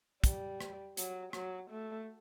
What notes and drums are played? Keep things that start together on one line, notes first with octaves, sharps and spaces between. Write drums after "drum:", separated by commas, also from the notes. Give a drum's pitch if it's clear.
G3, drum: kick, hi-hat
drum: rim click
F#3, drum: hi-hat
F#3, drum: rim click
A3